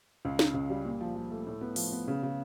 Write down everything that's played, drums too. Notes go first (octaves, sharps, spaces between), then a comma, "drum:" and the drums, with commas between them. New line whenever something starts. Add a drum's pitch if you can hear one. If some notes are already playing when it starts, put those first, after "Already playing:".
C#2
C#3, drum: snare
C#2
G3
A#2
F3
F3
A3
A2
B3
F3, drum: open hi-hat
B3
C#3
C#3